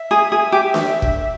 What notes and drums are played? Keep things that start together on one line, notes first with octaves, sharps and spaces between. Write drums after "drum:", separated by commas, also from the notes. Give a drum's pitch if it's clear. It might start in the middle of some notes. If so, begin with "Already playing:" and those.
Already playing: E5
G#4
G#4
G4
drum: snare D4
drum: kick